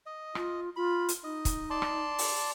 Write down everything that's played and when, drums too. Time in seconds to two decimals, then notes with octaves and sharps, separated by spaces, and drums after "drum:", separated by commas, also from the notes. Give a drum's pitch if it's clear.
0.06 D#5
0.35 F4, drum: rim click
0.76 F4 B5
1.09 drum: hi-hat
1.24 D#4 D#5
1.45 drum: kick, hi-hat
1.70 D5 A5 C6
1.82 drum: rim click
2.18 drum: open hi-hat